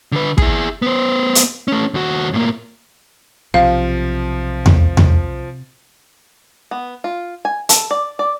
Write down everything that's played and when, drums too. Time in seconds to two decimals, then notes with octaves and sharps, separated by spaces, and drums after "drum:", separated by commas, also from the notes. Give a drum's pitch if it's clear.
0.12 D3 B4
0.38 E4 G#4, drum: kick
0.82 B3 C5
1.35 drum: hi-hat
1.68 A3 C#4
1.94 D#2 F#4
2.34 A2 A#3
3.54 B1 C3 F3 F5
4.66 drum: tom E2
4.97 drum: tom E2
6.71 B3
7.04 F4
7.45 G#5
7.69 A4, drum: hi-hat
7.91 D5
8.19 D5